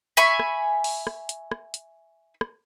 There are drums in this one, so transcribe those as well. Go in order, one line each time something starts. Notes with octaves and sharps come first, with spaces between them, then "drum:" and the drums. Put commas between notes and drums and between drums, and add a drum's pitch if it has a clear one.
E5 G#5 B5 C#6
drum: rim click
drum: open hi-hat
drum: rim click
drum: hi-hat
drum: rim click
drum: hi-hat
drum: rim click